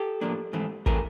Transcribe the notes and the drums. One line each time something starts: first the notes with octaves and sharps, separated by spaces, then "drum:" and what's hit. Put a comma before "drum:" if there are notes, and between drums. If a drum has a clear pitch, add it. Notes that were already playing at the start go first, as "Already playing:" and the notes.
Already playing: G4 A4
A2 F3 A#3 D4
G#2 E3 A3 C4
E3 A3 C4 G#4 A#4, drum: kick G#1